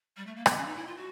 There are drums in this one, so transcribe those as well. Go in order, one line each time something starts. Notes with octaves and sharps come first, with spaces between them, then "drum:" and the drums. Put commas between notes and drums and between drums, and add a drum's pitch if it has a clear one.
G3
A3
A#3
B3, drum: rim click
C#4
D#4
E4
F4
F#4